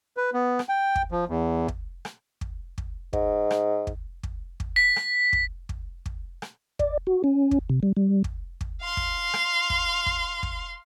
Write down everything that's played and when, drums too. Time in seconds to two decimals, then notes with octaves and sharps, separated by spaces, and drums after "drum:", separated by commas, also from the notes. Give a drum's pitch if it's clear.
0.17 B4
0.34 B3
0.59 drum: rim click
0.69 G5
0.96 drum: kick
1.12 F3
1.29 E2
1.68 drum: kick
2.05 drum: rim click
2.41 drum: kick
2.78 drum: kick
3.13 G#2, drum: kick
3.51 drum: rim click
3.87 drum: kick
4.23 drum: kick
4.60 drum: kick
4.76 B6
4.96 drum: rim click
5.33 drum: kick
5.69 drum: kick
6.06 drum: kick
6.42 drum: rim click
6.79 D5, drum: kick
7.07 F#4
7.24 C#4
7.51 drum: kick
7.70 C3
7.83 G3
7.97 G3
8.24 drum: kick
8.61 drum: kick
8.82 F5 C6
8.97 drum: kick
9.34 drum: rim click
9.70 drum: kick
10.06 drum: kick
10.43 drum: kick